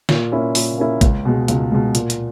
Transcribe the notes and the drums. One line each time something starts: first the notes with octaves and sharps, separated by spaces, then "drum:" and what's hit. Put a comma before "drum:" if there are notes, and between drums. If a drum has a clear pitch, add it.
A#2, drum: snare
A#3 C#4 E4
A#2, drum: open hi-hat
A#3 C#4 E4
C#2, drum: kick, hi-hat
B2 G#3
C#2, drum: hi-hat
B2 G#3
A#2, drum: hi-hat
drum: hi-hat